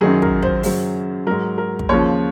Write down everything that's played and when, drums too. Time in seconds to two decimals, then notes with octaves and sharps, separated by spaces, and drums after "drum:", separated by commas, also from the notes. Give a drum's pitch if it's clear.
0.01 F#2 D#3 F#3 G#4
0.22 A#4, drum: kick
0.42 C5, drum: kick
0.63 F#2 C#3 F#3 C5, drum: open hi-hat
1.27 G#2 F#3 A#4
1.58 A#4
1.79 drum: kick
1.89 D#2 C#3 F3 C#5